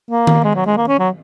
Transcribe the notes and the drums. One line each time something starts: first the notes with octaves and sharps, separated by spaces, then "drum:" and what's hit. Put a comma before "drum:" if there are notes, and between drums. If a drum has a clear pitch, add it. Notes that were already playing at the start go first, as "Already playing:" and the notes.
A#3
drum: tom D#3
G#3
F#3
G#3
A#3
C#4
F#3